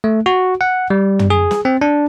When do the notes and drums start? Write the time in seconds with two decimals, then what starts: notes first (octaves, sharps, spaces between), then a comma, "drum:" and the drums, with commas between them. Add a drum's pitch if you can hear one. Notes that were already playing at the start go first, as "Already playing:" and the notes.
0.04 A3
0.26 F#4
0.61 F#5
0.90 G3
1.19 drum: tom
1.30 G#4
1.51 drum: snare
1.65 C4
1.81 D4